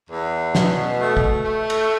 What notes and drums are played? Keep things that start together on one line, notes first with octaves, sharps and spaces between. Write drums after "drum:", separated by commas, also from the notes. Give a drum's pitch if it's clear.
E2
B2, drum: snare
A3
drum: kick
A3
drum: cymbal